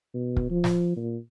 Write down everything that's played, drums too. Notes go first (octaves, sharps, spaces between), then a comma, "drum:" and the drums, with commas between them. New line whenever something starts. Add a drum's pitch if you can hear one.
B2
drum: kick
F3
drum: snare
A#2